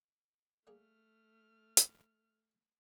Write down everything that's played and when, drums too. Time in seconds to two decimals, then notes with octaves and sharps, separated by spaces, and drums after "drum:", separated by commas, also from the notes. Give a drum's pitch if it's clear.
0.67 G3 A3 A#3 G#4 F6
1.77 drum: hi-hat